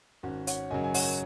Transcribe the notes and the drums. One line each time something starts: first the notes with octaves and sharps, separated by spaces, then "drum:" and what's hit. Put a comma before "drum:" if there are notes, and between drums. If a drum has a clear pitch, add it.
G#1 C#4 F#4
C#5 F#5, drum: hi-hat
F#2 C#3 F#3 D#5 G#5
G#5
C#5 F#5, drum: open hi-hat